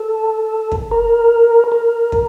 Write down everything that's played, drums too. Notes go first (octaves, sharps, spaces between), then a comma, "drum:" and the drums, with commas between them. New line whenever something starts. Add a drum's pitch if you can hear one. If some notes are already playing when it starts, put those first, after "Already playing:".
Already playing: A4
drum: kick
A#4
A#4
drum: kick